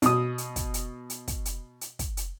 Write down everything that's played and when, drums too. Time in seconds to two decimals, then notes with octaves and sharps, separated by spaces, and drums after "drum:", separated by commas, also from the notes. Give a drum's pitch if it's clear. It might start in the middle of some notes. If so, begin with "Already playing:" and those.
0.02 B2 D#6, drum: hi-hat
0.38 drum: hi-hat
0.56 drum: kick, hi-hat
0.74 drum: hi-hat
1.10 drum: hi-hat
1.28 drum: kick, hi-hat
1.45 drum: hi-hat
1.81 drum: hi-hat
1.99 drum: kick, hi-hat
2.17 drum: hi-hat